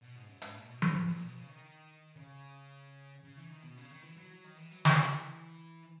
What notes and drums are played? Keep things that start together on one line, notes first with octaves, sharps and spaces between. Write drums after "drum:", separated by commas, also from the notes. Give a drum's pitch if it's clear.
B2
G#2
F#2
G#2, drum: hi-hat
A#2
B2
A#2, drum: tom F3
G#2
A#2
B2
C#3
D#3
C#3
C#3
E3
D#3
B2
C#3
D#3
E3
F#3
F#3
D#3
E3
F#3
E3, drum: snare
drum: hi-hat